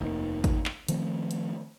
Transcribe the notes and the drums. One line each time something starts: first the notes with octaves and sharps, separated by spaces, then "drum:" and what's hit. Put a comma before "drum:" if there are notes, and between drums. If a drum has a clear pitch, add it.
F1 D#2 A2 D#3
drum: kick G#1, hi-hat
drum: clap
D#3 F3 A3 C4, drum: hi-hat
drum: hi-hat